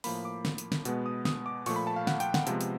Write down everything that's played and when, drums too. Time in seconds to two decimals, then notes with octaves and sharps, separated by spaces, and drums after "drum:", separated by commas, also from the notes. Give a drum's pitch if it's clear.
0.04 A2 F3 A#3 B5, drum: open hi-hat
0.25 D6
0.45 drum: snare
0.58 drum: hi-hat
0.72 drum: snare
0.85 B2 G#3 B3, drum: hi-hat
1.06 D#6
1.25 D#6, drum: snare
1.46 D6
1.66 A#2 F3 A3 C#6, drum: open hi-hat
1.76 B5
1.87 A5
1.96 F5
2.07 F#5, drum: snare
2.20 G5, drum: hi-hat
2.34 F#5, drum: snare
2.47 C3 F3 G#3 B3, drum: hi-hat
2.61 drum: hi-hat